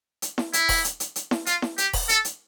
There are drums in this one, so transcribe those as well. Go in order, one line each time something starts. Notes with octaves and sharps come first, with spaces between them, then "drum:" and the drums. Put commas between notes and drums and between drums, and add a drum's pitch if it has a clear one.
drum: hi-hat
drum: snare E4
E4, drum: hi-hat
drum: kick D#1, open hi-hat
drum: hi-hat
drum: hi-hat
drum: hi-hat
drum: snare E4
F4, drum: hi-hat
drum: snare E4
G4, drum: hi-hat
drum: kick D#1, open hi-hat
A4, drum: hi-hat
drum: hi-hat